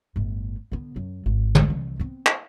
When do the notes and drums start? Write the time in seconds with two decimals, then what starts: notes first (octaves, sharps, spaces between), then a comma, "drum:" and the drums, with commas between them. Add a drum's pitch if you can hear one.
0.16 G1 A2
0.72 D3 B3
0.96 F#2 F#3
1.26 G#1
1.55 drum: tom
1.68 C2 E3
1.99 B3 C4
2.26 drum: clap